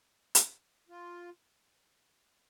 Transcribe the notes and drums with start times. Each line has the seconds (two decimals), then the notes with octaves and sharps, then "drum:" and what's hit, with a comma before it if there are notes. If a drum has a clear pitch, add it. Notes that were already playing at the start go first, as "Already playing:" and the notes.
0.35 drum: hi-hat
0.89 F4